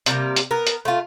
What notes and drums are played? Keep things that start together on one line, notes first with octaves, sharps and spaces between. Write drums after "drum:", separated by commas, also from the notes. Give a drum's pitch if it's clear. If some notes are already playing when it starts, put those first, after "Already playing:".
C3 G3 A3 A#3, drum: hi-hat
drum: hi-hat
B3 A#4
drum: hi-hat
A3 F4